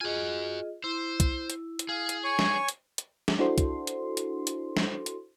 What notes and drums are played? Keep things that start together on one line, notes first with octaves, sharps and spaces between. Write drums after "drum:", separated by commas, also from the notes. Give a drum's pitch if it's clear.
F4 F#4 G#4 D#5 G#5
E4 C5
drum: kick, hi-hat
drum: hi-hat
drum: hi-hat
G#4 F5
drum: hi-hat
C#5 G#5 C#6
drum: snare
drum: hi-hat
drum: hi-hat
drum: snare
D4 E4 F#4 A4 C5 C6
drum: kick, hi-hat
drum: hi-hat
drum: hi-hat
drum: hi-hat
drum: snare
drum: hi-hat